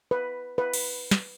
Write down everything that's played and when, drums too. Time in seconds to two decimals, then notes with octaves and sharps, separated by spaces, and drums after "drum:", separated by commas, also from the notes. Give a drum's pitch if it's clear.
0.11 B4
0.58 B4
0.74 drum: cymbal
1.11 drum: snare